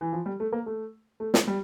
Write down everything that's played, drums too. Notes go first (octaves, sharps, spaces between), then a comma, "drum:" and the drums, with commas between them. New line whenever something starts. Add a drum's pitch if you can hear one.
E3
F3
G3
A3
A#3
A3
A3
drum: snare
G3